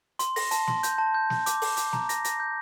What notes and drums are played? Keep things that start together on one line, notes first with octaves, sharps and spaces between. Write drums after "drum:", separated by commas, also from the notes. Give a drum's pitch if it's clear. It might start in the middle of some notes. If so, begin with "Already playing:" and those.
C6, drum: hi-hat
A#6, drum: open hi-hat
A5, drum: hi-hat
C6, drum: snare
G6, drum: hi-hat
A5
G6
G6, drum: snare
D6, drum: hi-hat
D6, drum: open hi-hat
D6, drum: hi-hat
A#5, drum: snare
A#6, drum: hi-hat
A#6, drum: hi-hat
G6